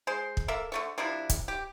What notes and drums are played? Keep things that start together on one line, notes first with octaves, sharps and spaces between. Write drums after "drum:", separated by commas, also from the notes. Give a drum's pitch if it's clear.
G#3 C5
drum: kick
A#3 A4 A#4 E5
D3 A3 C#6
C3 F3 D4 E4
drum: kick, hi-hat
G4